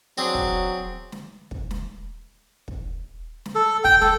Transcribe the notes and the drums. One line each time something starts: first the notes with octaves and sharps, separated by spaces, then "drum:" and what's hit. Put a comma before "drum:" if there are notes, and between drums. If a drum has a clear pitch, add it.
F#3 C4 D4 G#4
drum: kick
drum: snare
drum: kick
drum: snare
drum: kick
drum: snare
A4
G5, drum: kick
A4, drum: snare